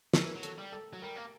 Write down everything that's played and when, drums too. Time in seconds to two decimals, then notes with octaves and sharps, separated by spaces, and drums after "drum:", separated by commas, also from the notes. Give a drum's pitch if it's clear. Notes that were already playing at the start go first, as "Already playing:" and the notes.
0.14 E3 A#4, drum: snare
0.35 F#3
0.43 A4, drum: hi-hat
0.58 G3
0.72 A4
0.93 F#3
1.02 G3 A#4
1.16 A#3